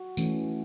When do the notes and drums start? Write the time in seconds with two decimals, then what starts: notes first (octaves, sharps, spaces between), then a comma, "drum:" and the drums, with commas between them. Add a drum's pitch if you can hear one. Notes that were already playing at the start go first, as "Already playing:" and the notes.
Already playing: F#4
0.17 E3 A3 C#4, drum: tambourine